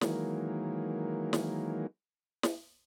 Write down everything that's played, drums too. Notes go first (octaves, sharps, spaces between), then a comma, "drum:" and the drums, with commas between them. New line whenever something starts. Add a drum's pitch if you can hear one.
D#3 E3 F#3 G#3 A#3, drum: snare
drum: snare
drum: snare